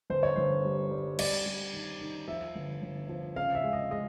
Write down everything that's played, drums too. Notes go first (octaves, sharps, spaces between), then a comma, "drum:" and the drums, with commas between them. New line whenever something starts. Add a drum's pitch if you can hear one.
G1 C5
C#5
G1 C5
G3
G3
G3 D5, drum: cymbal
G3
D#3
D#3
F3 E5
G1
G1
F3
C#3 F5
E5
G#3
D#5
G#3 D#5